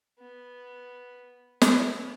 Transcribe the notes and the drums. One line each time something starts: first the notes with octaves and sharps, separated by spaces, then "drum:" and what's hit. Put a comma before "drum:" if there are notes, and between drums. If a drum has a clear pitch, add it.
B3
B3, drum: snare